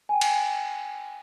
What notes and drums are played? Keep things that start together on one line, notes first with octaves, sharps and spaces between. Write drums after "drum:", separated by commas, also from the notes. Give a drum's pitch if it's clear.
G5 G#5
drum: cymbal